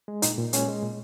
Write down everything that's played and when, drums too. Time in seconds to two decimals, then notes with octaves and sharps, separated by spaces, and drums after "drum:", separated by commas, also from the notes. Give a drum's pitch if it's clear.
0.08 G#3
0.22 A#2 D#4, drum: hi-hat
0.38 A#2
0.53 G#3 C#4, drum: hi-hat
0.68 G#3
0.83 A#2